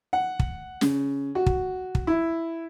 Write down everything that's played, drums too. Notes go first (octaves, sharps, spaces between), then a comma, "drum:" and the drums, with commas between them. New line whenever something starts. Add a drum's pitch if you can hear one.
F#5
drum: kick
C#3, drum: snare
F#4
drum: kick
drum: kick
E4